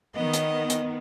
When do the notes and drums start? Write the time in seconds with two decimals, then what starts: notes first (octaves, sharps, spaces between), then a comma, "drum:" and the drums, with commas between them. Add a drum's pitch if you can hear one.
0.15 D#3 B3 D#5
0.33 drum: hi-hat
0.70 drum: hi-hat